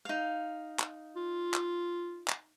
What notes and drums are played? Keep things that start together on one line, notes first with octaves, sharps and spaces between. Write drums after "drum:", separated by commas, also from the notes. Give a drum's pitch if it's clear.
D#4 F5
drum: clap
F4
drum: clap
drum: clap